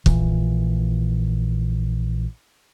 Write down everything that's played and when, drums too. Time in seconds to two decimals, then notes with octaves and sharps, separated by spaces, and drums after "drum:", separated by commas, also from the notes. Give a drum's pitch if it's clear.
0.06 A#1 A#2 E3, drum: kick